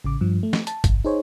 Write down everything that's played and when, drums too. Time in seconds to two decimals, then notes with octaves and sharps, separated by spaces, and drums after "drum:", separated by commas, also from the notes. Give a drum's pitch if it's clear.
0.04 A1 C#3 D6
0.21 G2 F3
0.43 A3
0.53 drum: snare
0.67 A5, drum: hi-hat
0.84 G1 C2, drum: kick, hi-hat
1.05 D#4 G#4 C5 C#5